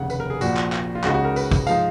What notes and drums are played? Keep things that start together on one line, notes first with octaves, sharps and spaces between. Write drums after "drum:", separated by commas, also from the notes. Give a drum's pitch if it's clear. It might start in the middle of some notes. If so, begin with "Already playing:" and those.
Already playing: F1 D#2 C#3 F#5
B4, drum: tambourine
A#4
G#4
A#1 A#2 F3 F#4, drum: tambourine
drum: clap
drum: clap
F4
C#2 C#3 G#3 D#4 F#4, drum: clap
F#4
A#4
B4, drum: tambourine
drum: kick, tambourine
F3 G#3 D#4 F5, drum: tambourine